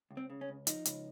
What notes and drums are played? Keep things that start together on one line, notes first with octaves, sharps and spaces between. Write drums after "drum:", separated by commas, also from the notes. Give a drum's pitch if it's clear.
C#2
C4
C#3
C#4
C#2
F3 D#4, drum: hi-hat
C#2, drum: hi-hat